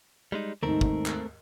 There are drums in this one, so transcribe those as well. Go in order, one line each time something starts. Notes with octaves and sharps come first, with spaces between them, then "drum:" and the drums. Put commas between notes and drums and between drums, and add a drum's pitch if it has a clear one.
G3 G#3 D#4
D#2 G#2 A3 C4 A#4
drum: kick
drum: clap